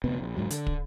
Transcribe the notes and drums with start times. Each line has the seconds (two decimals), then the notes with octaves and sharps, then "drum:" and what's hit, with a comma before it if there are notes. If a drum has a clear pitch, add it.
0.04 F1 D2 C3 B3
0.21 A#1
0.37 E1 E2 G#2 F#3
0.50 D3, drum: hi-hat
0.67 drum: kick